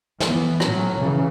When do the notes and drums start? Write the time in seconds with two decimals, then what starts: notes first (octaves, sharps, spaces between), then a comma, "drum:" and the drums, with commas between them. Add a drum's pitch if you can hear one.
0.20 E3 B3, drum: snare
0.60 A2 F#3 C#4, drum: rim click
1.00 C#3 E3